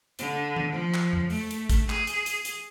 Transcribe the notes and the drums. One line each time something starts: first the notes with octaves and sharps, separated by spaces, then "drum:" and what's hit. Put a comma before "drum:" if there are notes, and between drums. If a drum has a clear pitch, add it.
D3, drum: hi-hat
drum: tom D#3
F3
drum: clap
drum: tom F2
A3, drum: open hi-hat
drum: hi-hat
drum: kick, hi-hat
G#4, drum: clap
drum: hi-hat
drum: hi-hat
drum: hi-hat